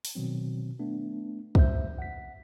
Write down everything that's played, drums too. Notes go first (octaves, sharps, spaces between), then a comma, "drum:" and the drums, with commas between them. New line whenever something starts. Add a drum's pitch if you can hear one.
drum: open hi-hat
B2 D#3 F#3 C4
A3 B3 D4
G2 C5 E5 G6, drum: kick
F#5 B6